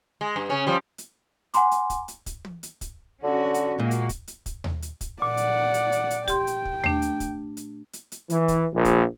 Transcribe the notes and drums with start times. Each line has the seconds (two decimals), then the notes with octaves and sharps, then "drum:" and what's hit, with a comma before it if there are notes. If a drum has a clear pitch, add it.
0.21 G#3
0.36 G2
0.49 C#3 C#4
0.67 F3 G3
0.98 drum: hi-hat
1.54 F#5 G#5 A#5 C6 D6, drum: hi-hat
1.71 drum: hi-hat
1.90 drum: kick, hi-hat
2.08 drum: hi-hat
2.26 drum: kick, hi-hat
2.45 drum: tom
2.63 drum: hi-hat
2.81 drum: kick, hi-hat
3.24 D3 C#4 F#4
3.54 drum: hi-hat
3.79 A#2 G#3 A#3 F#4
3.91 drum: hi-hat
4.09 drum: kick, hi-hat
4.28 drum: hi-hat
4.46 drum: kick, hi-hat
4.64 drum: tom D#2
4.82 drum: hi-hat
5.01 drum: kick, hi-hat
5.22 A#2 D5 F#5
5.37 drum: hi-hat
5.74 drum: hi-hat
5.92 drum: hi-hat
6.10 drum: hi-hat
6.28 G4 G5 C6, drum: kick, hi-hat
6.47 drum: hi-hat
6.65 drum: kick
6.84 A3 D4, drum: tom D#2
7.02 drum: hi-hat
7.20 drum: kick, hi-hat
7.57 drum: hi-hat
7.93 drum: hi-hat
8.12 drum: hi-hat
8.30 E3, drum: hi-hat
8.48 drum: kick, hi-hat
8.73 A#1
8.85 drum: kick, hi-hat